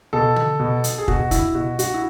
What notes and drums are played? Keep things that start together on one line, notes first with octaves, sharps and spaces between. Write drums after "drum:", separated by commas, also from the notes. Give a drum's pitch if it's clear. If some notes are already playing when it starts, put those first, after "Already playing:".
B2 A4
drum: tom
B2
drum: hi-hat
G#4
B2 F#4, drum: kick
E4, drum: kick, hi-hat
B2 F#4
F#4, drum: hi-hat
E4